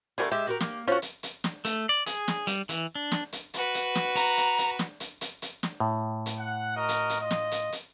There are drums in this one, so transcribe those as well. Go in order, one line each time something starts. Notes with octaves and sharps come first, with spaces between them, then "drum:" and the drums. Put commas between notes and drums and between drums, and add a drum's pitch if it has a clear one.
D3 G3 A3 G#4 A#4
G#3 G4 E5
F#4 A4 A#4
A#3, drum: snare
F3 C#4 F#4 A4
drum: hi-hat
drum: hi-hat
drum: snare
A3, drum: hi-hat
D5
G#4, drum: hi-hat
drum: snare
G3, drum: hi-hat
E3, drum: hi-hat
D4
drum: snare
drum: hi-hat
F#4 B4, drum: hi-hat
drum: hi-hat
drum: snare
A#5, drum: hi-hat
drum: hi-hat
drum: hi-hat
drum: snare
drum: hi-hat
drum: hi-hat
drum: hi-hat
drum: snare
A2
drum: hi-hat
F#5
F#4 A#4 D#5
drum: hi-hat
drum: hi-hat
F4 D#5
drum: snare
drum: hi-hat
drum: hi-hat